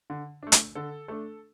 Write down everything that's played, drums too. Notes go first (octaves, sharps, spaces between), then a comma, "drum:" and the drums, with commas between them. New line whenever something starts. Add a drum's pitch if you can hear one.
D3
A3 D4
drum: hi-hat
D3 A4
A3 D4 A4